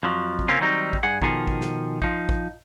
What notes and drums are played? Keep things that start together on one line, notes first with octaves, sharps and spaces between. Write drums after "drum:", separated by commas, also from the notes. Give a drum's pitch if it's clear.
F2 F3 F#3
drum: kick
C#3 A#3 C4 C#4 F4
D#3 F#3 G3 C4 D#4
drum: kick
G2 G#4 F#5
B2 D#3 F3 G#4 A4, drum: kick
drum: kick
drum: snare
F3 D#4, drum: kick
drum: kick